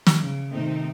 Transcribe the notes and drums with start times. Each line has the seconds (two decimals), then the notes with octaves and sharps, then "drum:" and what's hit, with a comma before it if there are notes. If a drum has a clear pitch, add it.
0.07 drum: snare
0.20 C#3
0.51 C3 D#3 A3 C4 D#4